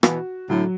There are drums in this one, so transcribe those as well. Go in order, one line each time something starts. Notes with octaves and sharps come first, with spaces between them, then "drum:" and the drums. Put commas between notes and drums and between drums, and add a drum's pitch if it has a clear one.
B2 E3 F#4, drum: rim click
A2 D3 F#3